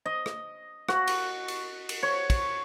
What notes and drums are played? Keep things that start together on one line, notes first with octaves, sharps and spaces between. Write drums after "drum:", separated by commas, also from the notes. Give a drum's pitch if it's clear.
D#5
drum: rim click
F#4, drum: rim click
drum: cymbal
drum: cymbal
drum: cymbal
C#5
drum: kick, cymbal